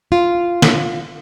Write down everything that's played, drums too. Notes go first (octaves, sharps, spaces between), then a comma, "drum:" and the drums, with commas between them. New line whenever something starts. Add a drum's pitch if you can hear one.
F4
drum: snare